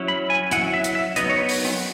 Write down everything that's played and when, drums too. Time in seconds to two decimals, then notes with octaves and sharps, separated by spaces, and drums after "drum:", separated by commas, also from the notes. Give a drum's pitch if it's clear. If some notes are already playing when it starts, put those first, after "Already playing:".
Already playing: F#3 C#4 E4
0.08 B5
0.30 G#5
0.51 F#3 C#4 E4 F#5, drum: hi-hat
0.74 E5
0.84 drum: hi-hat
0.95 E5
1.16 F#3 B3 D#4 D#5, drum: hi-hat
1.29 C#5
1.38 B4
1.49 drum: open hi-hat
1.65 drum: rim click